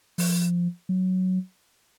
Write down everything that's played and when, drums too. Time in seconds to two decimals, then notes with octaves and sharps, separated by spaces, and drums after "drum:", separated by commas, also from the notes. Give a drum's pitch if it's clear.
0.18 F3, drum: open hi-hat
0.89 F#3